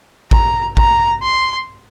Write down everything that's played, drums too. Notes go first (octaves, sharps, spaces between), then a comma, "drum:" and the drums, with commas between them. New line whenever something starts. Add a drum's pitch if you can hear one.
A#5, drum: kick A1
A#5, drum: kick A1
C6